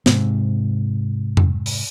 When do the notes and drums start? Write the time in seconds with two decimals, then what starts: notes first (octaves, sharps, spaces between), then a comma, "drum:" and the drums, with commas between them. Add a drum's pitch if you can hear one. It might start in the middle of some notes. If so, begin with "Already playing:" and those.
0.06 G#2 C3, drum: snare
1.37 drum: tom F2
1.66 drum: open hi-hat